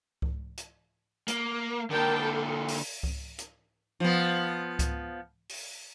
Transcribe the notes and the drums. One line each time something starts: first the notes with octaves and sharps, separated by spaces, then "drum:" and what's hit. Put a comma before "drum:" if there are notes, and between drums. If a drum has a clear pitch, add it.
drum: kick C#2
drum: hi-hat
A#3, drum: hi-hat
D3 A#3 A#4 G5 A5
A4
drum: open hi-hat
drum: kick C#2
drum: hi-hat
F3 B3
drum: kick C#2, hi-hat
drum: open hi-hat